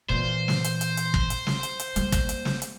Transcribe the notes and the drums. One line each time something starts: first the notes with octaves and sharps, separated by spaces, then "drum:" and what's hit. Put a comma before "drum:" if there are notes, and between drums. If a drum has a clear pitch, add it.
A#2 E3 C5
drum: snare
drum: hi-hat
drum: hi-hat
drum: hi-hat
drum: kick
drum: hi-hat
drum: snare
drum: hi-hat
drum: hi-hat
G3 A#3, drum: hi-hat
drum: kick, hi-hat
drum: hi-hat
drum: snare
drum: hi-hat